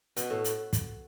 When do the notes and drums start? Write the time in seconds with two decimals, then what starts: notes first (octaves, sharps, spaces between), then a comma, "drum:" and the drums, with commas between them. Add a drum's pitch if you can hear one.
0.17 B2, drum: hi-hat
0.30 A2
0.44 drum: hi-hat
0.73 drum: kick, hi-hat